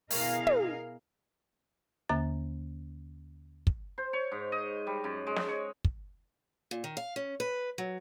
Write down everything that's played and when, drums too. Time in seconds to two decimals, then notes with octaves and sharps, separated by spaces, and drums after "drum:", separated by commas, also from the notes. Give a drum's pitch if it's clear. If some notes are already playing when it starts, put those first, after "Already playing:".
0.10 B2 E4 G#4 A#4 D#5 F5, drum: open hi-hat
0.47 drum: tom
2.09 D#2 D3 A#3 A#5 A6
3.67 drum: kick
3.98 C5
4.13 C#5
4.32 G#2
4.52 D#5
4.87 G3
5.04 F#2
5.27 G#3
5.36 drum: snare
5.48 C#5
5.85 drum: kick
6.71 A#2
6.84 D#3
6.97 F5
7.16 C#4
7.40 B4
7.78 F#3